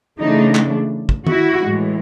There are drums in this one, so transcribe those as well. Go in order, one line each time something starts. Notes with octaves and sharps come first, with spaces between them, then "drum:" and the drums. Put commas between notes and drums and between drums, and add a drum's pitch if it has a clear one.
C#3 E3 A3 D4 D#4
drum: clap
drum: kick
E4 F#4, drum: tom D#3
A2 E3 G#3